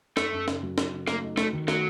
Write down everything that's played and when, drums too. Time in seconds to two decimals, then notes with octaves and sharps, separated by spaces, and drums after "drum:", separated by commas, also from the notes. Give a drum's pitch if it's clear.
0.17 F#2 A3, drum: snare
0.32 F#2
0.48 C#3, drum: snare
0.63 F#3
0.78 C#3, drum: snare
0.92 C#3
1.08 A3 A#3, drum: snare
1.24 D#4
1.37 A3 F#4, drum: snare
1.53 D#3
1.68 F#3 A3, drum: snare